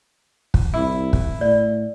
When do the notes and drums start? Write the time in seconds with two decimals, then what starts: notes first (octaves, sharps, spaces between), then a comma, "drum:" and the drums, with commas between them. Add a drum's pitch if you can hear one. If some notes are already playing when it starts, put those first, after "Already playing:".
0.54 drum: kick
0.74 C2 E4
1.13 drum: kick
1.41 A2 D5